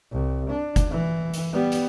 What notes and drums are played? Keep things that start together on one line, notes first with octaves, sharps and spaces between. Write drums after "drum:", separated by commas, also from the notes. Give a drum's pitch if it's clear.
C2
D4
drum: kick F#1, hi-hat
E3
drum: hi-hat
G3 B3
drum: hi-hat